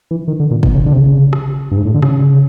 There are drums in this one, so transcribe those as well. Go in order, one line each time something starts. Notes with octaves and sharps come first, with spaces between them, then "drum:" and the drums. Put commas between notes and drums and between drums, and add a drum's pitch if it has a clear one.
E3
D#3
D3
A#2
B2, drum: kick
C#3
D3
C3
C#3
drum: rim click
G2
G#2
A2
D3
C#3, drum: rim click